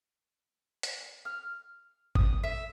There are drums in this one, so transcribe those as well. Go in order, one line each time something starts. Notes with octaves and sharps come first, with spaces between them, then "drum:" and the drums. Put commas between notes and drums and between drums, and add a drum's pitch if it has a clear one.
drum: hi-hat
F6
D#6, drum: kick G1
E5